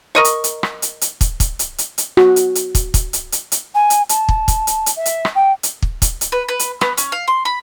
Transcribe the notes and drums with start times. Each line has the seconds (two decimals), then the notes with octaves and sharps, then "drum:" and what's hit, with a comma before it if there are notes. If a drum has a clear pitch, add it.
0.15 A#4 D#5 C#6
0.24 drum: hi-hat
0.44 drum: hi-hat
0.63 drum: rim click
0.82 drum: hi-hat
1.01 drum: hi-hat
1.21 drum: kick, hi-hat
1.40 drum: kick, hi-hat
1.59 drum: hi-hat
1.78 drum: hi-hat
1.98 drum: hi-hat
2.17 F#4, drum: rim click
2.36 drum: hi-hat
2.55 drum: hi-hat
2.75 drum: kick, hi-hat
2.94 drum: kick, hi-hat
3.13 drum: hi-hat
3.32 drum: hi-hat
3.52 drum: hi-hat
3.75 G#5
3.90 drum: hi-hat
4.09 A5, drum: hi-hat
4.29 drum: kick
4.48 drum: kick, hi-hat
4.67 drum: hi-hat
4.86 drum: hi-hat
4.96 E5
5.06 drum: hi-hat
5.25 drum: rim click
5.35 G5
5.63 drum: hi-hat
5.82 drum: kick
6.02 drum: kick, hi-hat
6.21 drum: hi-hat
6.32 B4
6.49 B4
6.59 drum: hi-hat
6.81 B3, drum: rim click
6.97 C#4, drum: hi-hat
7.12 F5
7.28 C6
7.45 B5